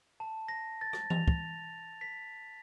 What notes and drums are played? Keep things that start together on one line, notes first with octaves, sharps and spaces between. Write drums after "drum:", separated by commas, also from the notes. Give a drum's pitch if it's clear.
A5
A#6
A6
drum: rim click
F7, drum: tom E3
drum: kick
B6